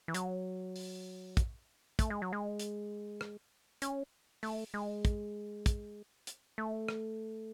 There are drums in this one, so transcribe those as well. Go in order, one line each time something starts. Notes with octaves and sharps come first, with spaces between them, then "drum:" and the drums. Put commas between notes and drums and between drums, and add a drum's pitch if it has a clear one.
E3
F#3, drum: hi-hat
drum: open hi-hat
drum: kick, hi-hat
A3, drum: kick, hi-hat
G#3
F#3
G#3
drum: hi-hat
drum: rim click
C#4, drum: hi-hat
A3, drum: open hi-hat
G#3
drum: kick, hi-hat
drum: kick, hi-hat
drum: hi-hat
A3
drum: rim click